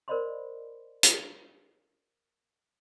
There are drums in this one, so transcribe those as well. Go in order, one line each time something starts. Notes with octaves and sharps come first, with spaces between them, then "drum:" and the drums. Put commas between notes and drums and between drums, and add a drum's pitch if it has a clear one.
A#4 C5 D5 D#5 B5 C6
drum: hi-hat